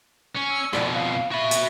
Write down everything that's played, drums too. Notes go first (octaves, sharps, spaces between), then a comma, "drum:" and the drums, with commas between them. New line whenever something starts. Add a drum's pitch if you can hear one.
C#4
E6
F2 B2 D5, drum: rim click
F5
F#4 E5 B5
drum: hi-hat